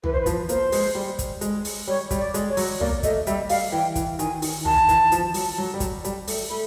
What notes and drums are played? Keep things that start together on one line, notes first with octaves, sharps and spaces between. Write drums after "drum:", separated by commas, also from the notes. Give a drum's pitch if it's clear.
E3 B4, drum: tom
C5
B4
F3, drum: kick, hi-hat
A#3 C5, drum: hi-hat
G#3, drum: open hi-hat
G3
drum: kick, hi-hat
G#3, drum: hi-hat
drum: open hi-hat
G3 C#5
G3, drum: kick, hi-hat
D5
G#3, drum: hi-hat
C#5
F#3, drum: open hi-hat
A#3 D5, drum: tom
A3 D#5, drum: kick, hi-hat
G3 E5, drum: hi-hat
G3 F5, drum: open hi-hat
E3 G5
E3, drum: kick, hi-hat
D#3 G#5, drum: hi-hat
D#3, drum: open hi-hat
D#3 A5, drum: tom
E3, drum: kick, hi-hat
F3, drum: hi-hat
F#3, drum: open hi-hat
F#3
G3
F#3, drum: kick, hi-hat
G3, drum: hi-hat
A3, drum: open hi-hat
A3 B5